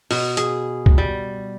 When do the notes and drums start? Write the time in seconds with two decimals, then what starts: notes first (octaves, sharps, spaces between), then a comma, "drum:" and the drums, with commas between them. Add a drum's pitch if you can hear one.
0.11 B2, drum: open hi-hat
0.37 G#4, drum: hi-hat
0.86 drum: kick
0.98 G3